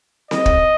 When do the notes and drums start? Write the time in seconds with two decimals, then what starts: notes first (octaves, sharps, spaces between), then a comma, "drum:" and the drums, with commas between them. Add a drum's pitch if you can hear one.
0.31 D#5, drum: snare C4
0.46 drum: kick